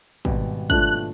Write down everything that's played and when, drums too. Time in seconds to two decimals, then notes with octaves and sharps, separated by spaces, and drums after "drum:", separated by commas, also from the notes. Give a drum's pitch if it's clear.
0.25 G#1 B2 G3, drum: kick
0.70 F3 A3 D4 F#6, drum: kick, hi-hat